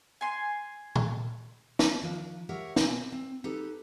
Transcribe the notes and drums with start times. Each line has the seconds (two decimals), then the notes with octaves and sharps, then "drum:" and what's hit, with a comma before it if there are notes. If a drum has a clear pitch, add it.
0.21 G#5 C6
0.96 drum: tom A#2
1.79 drum: snare
2.02 D#3 F3 D4
2.49 G4 A#4 C#5 E5 F#5
2.76 B2 A#3 C4 G#5, drum: snare
3.12 C4
3.44 D#4 G4 A4 B4